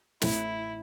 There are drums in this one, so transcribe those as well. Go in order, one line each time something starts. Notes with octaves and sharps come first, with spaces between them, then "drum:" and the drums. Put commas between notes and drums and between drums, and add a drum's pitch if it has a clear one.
A1 A2 E3 E4, drum: snare